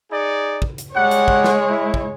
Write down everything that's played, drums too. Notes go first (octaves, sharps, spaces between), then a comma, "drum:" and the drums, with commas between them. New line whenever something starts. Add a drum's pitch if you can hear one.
D#4 G#4 D5
drum: kick
drum: hi-hat
G3 G#3 C#5 F#5
drum: hi-hat
drum: kick
drum: snare
E4
drum: kick